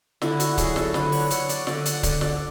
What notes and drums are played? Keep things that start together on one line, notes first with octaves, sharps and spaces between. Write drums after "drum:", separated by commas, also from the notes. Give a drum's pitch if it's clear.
D3 E4, drum: snare
F#4, drum: hi-hat
F#3 G#4, drum: kick C#1, hi-hat
A4, drum: snare
D3 B4, drum: snare
C#5, drum: open hi-hat
D3 C#5, drum: hi-hat
D5, drum: hi-hat
D3 D5, drum: snare
F#5, drum: hi-hat
D3 D5, drum: kick C#1, hi-hat
D5, drum: snare